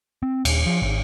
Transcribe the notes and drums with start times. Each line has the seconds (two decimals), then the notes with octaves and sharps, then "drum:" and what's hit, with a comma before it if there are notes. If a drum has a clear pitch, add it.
0.23 C4
0.45 D#1, drum: cymbal
0.66 F3
0.82 G#1